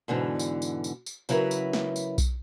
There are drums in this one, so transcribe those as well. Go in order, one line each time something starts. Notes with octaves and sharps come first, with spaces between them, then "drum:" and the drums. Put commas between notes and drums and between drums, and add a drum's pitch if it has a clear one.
G#2 B2 D3 E3
drum: tambourine
drum: tambourine
drum: tambourine
drum: tambourine
C#3 F#3 E4 A#4 B4, drum: tambourine
drum: tambourine
drum: snare
drum: tambourine
drum: kick B1, tambourine